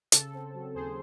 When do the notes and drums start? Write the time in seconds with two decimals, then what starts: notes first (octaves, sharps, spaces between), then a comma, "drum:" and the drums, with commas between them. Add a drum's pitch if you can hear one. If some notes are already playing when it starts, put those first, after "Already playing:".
0.12 C#3 A4, drum: hi-hat
0.33 C4
0.54 F#3
0.74 D#2 G#4 C5